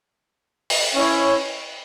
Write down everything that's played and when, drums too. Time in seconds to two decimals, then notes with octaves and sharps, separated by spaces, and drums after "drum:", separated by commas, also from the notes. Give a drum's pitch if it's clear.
0.70 drum: open hi-hat
0.95 C#4 E4 C#5